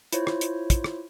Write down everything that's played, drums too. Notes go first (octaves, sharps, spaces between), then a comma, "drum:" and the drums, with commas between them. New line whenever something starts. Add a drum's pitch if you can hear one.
E4 F4 C5 C#5, drum: hi-hat
drum: rim click
drum: hi-hat
drum: kick, hi-hat
drum: rim click